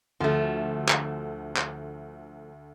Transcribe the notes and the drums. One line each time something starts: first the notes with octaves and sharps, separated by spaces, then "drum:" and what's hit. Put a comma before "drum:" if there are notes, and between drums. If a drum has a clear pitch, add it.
D2 F3 A3
drum: clap
drum: clap